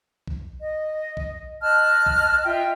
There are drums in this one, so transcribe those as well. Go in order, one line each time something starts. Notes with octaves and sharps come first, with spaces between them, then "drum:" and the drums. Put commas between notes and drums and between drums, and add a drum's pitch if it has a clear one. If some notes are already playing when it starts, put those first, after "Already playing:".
drum: kick B1
D#5
drum: kick B1
D#5 A5 F6 F#6
drum: kick B1
F4 D#5 E5 G5